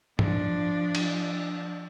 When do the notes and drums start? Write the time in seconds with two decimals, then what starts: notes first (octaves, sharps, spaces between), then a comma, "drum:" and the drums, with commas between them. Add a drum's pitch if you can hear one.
0.19 F3 D4, drum: tom
0.95 drum: cymbal